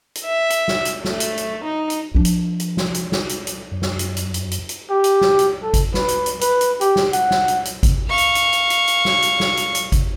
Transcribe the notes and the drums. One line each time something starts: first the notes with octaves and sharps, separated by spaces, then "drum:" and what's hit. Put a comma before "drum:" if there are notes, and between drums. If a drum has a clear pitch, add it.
drum: hi-hat
E5
drum: hi-hat
drum: snare
drum: hi-hat
A3, drum: snare
drum: hi-hat
drum: hi-hat
D#4
drum: hi-hat
F3 D4
drum: hi-hat
drum: hi-hat
drum: snare
drum: hi-hat
drum: snare
drum: hi-hat
drum: hi-hat
F#2
drum: snare
drum: hi-hat
drum: hi-hat
drum: hi-hat
drum: hi-hat
drum: hi-hat
G4
drum: hi-hat
drum: snare
drum: hi-hat
A4
drum: kick G#1, hi-hat
B4, drum: snare
drum: hi-hat
drum: hi-hat
B4, drum: hi-hat
drum: hi-hat
G4, drum: hi-hat
drum: snare
F#5, drum: hi-hat
drum: snare
drum: hi-hat
drum: hi-hat
drum: kick G#1, hi-hat
F5 C#6
drum: hi-hat
drum: hi-hat
drum: hi-hat
drum: hi-hat
drum: hi-hat
drum: snare
drum: hi-hat
drum: snare
drum: hi-hat
drum: hi-hat
drum: kick G#1, hi-hat